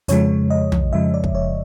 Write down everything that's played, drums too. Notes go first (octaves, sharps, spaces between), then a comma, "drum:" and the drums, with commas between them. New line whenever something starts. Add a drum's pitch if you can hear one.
F2 C#3 F3 G#3 C#5, drum: hi-hat
D#5
drum: tom
F2 C#3 F3 G#3 E5
D5
drum: kick
C#5